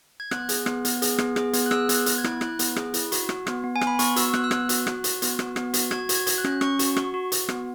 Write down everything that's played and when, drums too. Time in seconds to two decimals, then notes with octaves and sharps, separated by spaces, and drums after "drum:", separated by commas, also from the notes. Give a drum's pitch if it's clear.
0.20 G#6
0.31 B3 F#6, drum: rim click
0.49 G#4, drum: hi-hat
0.66 B3, drum: rim click
0.85 B3, drum: hi-hat
1.02 G#4, drum: hi-hat
1.18 B3, drum: rim click
1.36 G#4, drum: rim click
1.53 B3, drum: hi-hat
1.66 F#6
1.71 G#4 E6, drum: rim click
1.89 B3, drum: hi-hat
1.94 F#6
2.06 B3, drum: hi-hat
2.18 G#6
2.24 E4, drum: rim click
2.41 E4 F#6, drum: rim click
2.59 B3, drum: hi-hat
2.76 G#4, drum: rim click
2.94 E4, drum: hi-hat
3.12 F#4, drum: hi-hat
3.29 F#4, drum: rim click
3.47 B3, drum: rim click
3.64 B3
3.76 G#5
3.81 B3, drum: rim click
3.87 B5
3.99 B3 C#6, drum: hi-hat
4.16 F#4 E6, drum: hi-hat
4.34 B3 F#6, drum: rim click
4.44 E6
4.51 B3 F#6, drum: rim click
4.69 F#4, drum: hi-hat
4.87 F#4, drum: rim click
5.04 F#4, drum: hi-hat
5.22 B3, drum: hi-hat
5.39 F#4, drum: rim click
5.56 B3, drum: rim click
5.74 F#4, drum: hi-hat
5.91 F#4 G#6, drum: rim click
6.09 F#4, drum: hi-hat
6.15 G#6
6.27 F#4, drum: hi-hat
6.38 F#6
6.44 C#4, drum: rim click
6.61 C#4 C#6, drum: rim click
6.79 F#4, drum: hi-hat
6.96 F#4, drum: rim click
7.14 F#4
7.32 F#4, drum: hi-hat
7.49 B3, drum: rim click